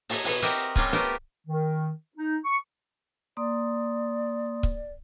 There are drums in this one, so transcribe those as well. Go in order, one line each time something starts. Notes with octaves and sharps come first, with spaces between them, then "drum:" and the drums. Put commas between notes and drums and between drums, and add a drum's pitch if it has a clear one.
G#4 C#5 D#5 E5 A5 A#5, drum: open hi-hat
B2 B4, drum: open hi-hat
C4 F#4 G4 A#4 D#5 E5
C3 F#3 G3 C#4 F4 G#4, drum: kick C#1
A3 B3 G4 A#4 C5 D5
D#3
D#4
C#6
A#3 D5 C6 D#6
drum: kick C#1